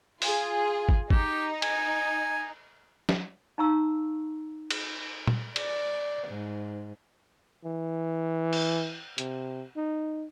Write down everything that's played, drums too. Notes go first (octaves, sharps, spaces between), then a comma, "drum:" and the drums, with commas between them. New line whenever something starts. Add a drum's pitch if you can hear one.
F4 G#4, drum: open hi-hat
drum: kick
D#4 G4, drum: kick
G#5, drum: cymbal
drum: snare F#3
D#4 F5 A#5 C#6 E6
drum: cymbal
drum: tom A#2
D5, drum: cymbal
G#2
E3
drum: cymbal
C3, drum: hi-hat
D#4